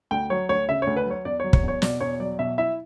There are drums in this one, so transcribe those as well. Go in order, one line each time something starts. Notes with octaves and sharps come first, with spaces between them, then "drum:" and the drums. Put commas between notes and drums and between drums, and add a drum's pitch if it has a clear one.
D2 G5
F#3 C#5
D2 C#5
C#3 E5
D2 C#5
B4
F#3 C#5
E2 D5
F#3 C#5
C#5, drum: kick
E2 C#5
B2 D5, drum: snare
E2 C#5
F#3 D5
B2 E5
E4 E5